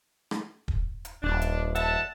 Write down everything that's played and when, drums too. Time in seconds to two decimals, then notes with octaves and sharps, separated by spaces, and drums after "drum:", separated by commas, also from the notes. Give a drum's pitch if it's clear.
0.31 drum: rim click
0.68 drum: kick
1.05 drum: hi-hat
1.23 D#1 D4
1.42 drum: hi-hat
1.75 E5 F#5 A5, drum: hi-hat